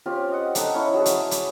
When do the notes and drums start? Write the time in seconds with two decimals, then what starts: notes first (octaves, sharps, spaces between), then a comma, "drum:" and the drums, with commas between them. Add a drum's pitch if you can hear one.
0.06 C4 C#4 F4 G4
0.32 D#5 F#5
0.55 D4 D#4 A4 F#5, drum: hi-hat
0.74 C#4 E4
0.94 F#3 G#4 A5
1.06 drum: hi-hat
1.31 D6, drum: hi-hat